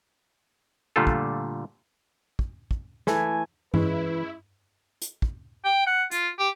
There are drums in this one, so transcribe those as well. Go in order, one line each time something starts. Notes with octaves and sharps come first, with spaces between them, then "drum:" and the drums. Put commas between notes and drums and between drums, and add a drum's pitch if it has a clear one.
A#2 D3 G3 A3 F4 A4
drum: kick
drum: kick
drum: kick
E3 A3 G#5, drum: snare
E3 G#3 C#4 E4 B4, drum: tom G2
drum: hi-hat
drum: kick
G5
F#5
F4, drum: hi-hat
G4